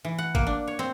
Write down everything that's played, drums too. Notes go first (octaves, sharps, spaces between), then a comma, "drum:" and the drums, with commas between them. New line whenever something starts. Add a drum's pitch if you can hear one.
E3
F#5
A#3, drum: kick
D4
C#5
C4